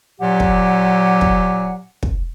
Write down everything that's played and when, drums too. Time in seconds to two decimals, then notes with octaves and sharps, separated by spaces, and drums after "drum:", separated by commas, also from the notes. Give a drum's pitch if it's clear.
0.20 A#2 F#3 G4 F#5
0.40 drum: kick
1.21 drum: kick
2.03 drum: kick